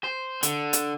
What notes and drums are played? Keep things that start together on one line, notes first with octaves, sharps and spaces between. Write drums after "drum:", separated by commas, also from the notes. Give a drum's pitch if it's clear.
C5
D3, drum: hi-hat
drum: hi-hat